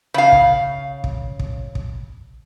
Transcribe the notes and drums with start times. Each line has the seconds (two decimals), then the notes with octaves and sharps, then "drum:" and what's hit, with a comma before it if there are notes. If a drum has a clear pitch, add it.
0.14 C#3 F5
0.32 drum: kick
1.04 drum: kick
1.39 drum: kick
1.75 drum: kick